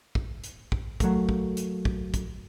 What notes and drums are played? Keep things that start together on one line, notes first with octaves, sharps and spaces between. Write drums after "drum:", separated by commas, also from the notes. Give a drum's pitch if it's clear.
drum: kick
drum: hi-hat
drum: kick
F#3 A3 A#3, drum: kick, hi-hat
drum: kick
drum: hi-hat
drum: kick
drum: kick, hi-hat